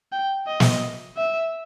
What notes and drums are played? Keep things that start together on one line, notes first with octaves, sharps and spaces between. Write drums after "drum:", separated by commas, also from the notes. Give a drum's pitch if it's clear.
G5
D#5
drum: snare
E5